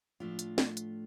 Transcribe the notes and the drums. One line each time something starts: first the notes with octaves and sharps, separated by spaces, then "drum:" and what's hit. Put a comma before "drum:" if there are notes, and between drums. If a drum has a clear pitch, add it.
A2 F3 A3 D4 F4
drum: hi-hat
drum: snare
drum: hi-hat